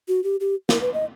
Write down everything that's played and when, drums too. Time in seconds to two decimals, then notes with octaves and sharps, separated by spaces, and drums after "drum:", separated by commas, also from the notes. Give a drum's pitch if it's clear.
0.08 F#4
0.24 G4
0.40 G4
0.69 A#4, drum: snare
0.81 B4
0.94 D#5